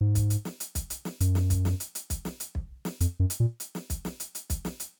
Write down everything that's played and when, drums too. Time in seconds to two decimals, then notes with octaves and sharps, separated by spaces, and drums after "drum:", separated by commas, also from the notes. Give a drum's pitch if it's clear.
0.01 G#2
0.15 drum: kick, hi-hat
0.30 drum: hi-hat
0.45 drum: snare
0.60 drum: hi-hat
0.75 drum: kick, hi-hat
0.90 drum: hi-hat
1.05 drum: snare
1.20 F#2, drum: hi-hat
1.35 drum: snare
1.50 drum: kick, hi-hat
1.65 drum: snare
1.80 drum: hi-hat
1.95 drum: hi-hat
2.10 drum: kick, hi-hat
2.25 drum: snare
2.40 drum: hi-hat
2.55 drum: kick
2.85 drum: snare
3.00 F2, drum: hi-hat
3.20 F#2
3.30 drum: hi-hat
3.40 A#2
3.60 drum: hi-hat
3.75 drum: snare
3.90 drum: kick, hi-hat
4.05 drum: snare
4.20 drum: hi-hat
4.35 drum: hi-hat
4.50 drum: kick, hi-hat
4.65 drum: snare
4.80 drum: hi-hat